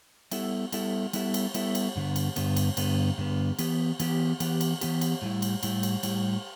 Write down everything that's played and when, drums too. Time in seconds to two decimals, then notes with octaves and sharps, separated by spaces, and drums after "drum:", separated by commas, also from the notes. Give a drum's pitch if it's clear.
0.31 G3 B3 E4 A4 E5, drum: cymbal
0.72 G3 B3 E4 A4 E5, drum: cymbal
1.13 G3 B3 E4 A4 E5, drum: cymbal
1.34 drum: cymbal
1.54 G3 B3 E4 A4 E5, drum: cymbal
1.75 drum: cymbal
1.96 G2 D3 B3
2.16 drum: cymbal
2.36 G2 D3 B3, drum: cymbal
2.56 drum: cymbal
2.77 G2 D3 B3, drum: cymbal
3.18 G2 D3 B3
3.59 E3 B3 G4, drum: cymbal
4.00 E3 B3 G4, drum: cymbal
4.40 E3 B3 G4, drum: cymbal
4.61 drum: cymbal
4.81 E3 B3 G4, drum: cymbal
5.01 drum: cymbal
5.22 A2 G3 E4
5.42 drum: cymbal
5.63 A2 G3 E4, drum: cymbal
5.83 drum: cymbal
6.03 A2 G3 E4, drum: cymbal